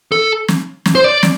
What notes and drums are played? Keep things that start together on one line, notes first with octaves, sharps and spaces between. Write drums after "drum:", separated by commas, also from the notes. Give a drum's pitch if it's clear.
A4
drum: snare
drum: snare
C5
D5
drum: snare